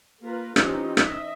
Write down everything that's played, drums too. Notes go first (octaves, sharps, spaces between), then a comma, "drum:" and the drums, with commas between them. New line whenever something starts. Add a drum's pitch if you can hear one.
A#3 F4 A#4 B4
E3 C4 C#4 D#4 F4 G4, drum: rim click
D#5 E5, drum: rim click